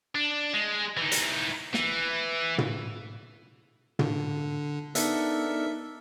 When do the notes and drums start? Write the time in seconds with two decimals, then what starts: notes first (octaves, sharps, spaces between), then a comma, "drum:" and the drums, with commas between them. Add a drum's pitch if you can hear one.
0.15 D4
0.54 G#3
0.97 E3 D#4
1.12 drum: hi-hat
1.74 E3, drum: snare
2.58 drum: tom
3.99 D3, drum: tom
4.95 B3 D4 D#4 A4 A#4 E5, drum: hi-hat